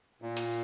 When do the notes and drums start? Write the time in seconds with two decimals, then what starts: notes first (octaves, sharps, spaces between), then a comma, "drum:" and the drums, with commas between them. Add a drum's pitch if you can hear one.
0.22 A#2
0.37 drum: hi-hat